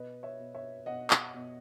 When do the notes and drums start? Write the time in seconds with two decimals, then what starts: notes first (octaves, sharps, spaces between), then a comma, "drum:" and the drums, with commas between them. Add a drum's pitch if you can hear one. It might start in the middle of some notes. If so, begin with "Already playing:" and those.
Already playing: B2 B4 D#5
0.23 C#5 E5
0.39 B2
0.55 C#5 E5
0.86 B2 D#5 F#5
1.10 drum: clap
1.34 B2